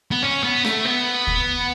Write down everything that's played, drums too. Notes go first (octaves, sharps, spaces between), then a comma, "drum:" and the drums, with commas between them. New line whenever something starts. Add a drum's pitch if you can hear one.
B3
C#4
B3
A3, drum: rim click
B3
drum: kick